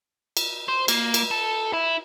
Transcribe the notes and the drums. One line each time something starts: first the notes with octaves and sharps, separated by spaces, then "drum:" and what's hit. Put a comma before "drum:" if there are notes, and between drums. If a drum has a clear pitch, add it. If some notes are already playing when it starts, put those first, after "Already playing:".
drum: cymbal
C5
A#3, drum: cymbal
drum: cymbal
A4
E4